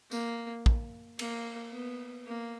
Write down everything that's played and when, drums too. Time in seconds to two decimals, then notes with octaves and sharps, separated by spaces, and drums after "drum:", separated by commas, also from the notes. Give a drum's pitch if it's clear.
0.11 A#3, drum: tambourine
0.66 drum: kick
1.19 A#3, drum: cymbal
1.73 B3
2.27 A#3